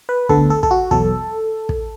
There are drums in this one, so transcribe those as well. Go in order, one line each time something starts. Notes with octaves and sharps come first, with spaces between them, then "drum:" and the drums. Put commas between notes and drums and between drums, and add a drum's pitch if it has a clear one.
B4
D2 D3 B3 A4, drum: kick
A4
A4, drum: kick
F#4
E2 B2 F#3 A4, drum: kick
drum: kick